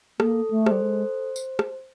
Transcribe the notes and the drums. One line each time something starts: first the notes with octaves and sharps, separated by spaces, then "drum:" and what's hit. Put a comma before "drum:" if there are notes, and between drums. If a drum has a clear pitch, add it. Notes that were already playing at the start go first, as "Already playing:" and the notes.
A#3 A4, drum: rim click
A3
G3 C5, drum: rim click
G#3
drum: tambourine
drum: rim click